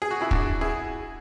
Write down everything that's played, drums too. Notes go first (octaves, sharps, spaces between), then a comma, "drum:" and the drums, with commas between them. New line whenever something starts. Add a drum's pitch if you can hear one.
G#4
F#4
E4 G#4
D4 F#4, drum: kick
E4 G#4